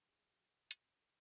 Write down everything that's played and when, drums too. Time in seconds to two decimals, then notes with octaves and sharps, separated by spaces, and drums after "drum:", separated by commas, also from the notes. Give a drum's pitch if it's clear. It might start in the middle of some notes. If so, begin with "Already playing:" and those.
Already playing: F2 C3 D#3 G#3
0.08 G#4
0.18 G#4
0.29 F#4
0.71 F#4, drum: hi-hat
1.02 D#3 A#4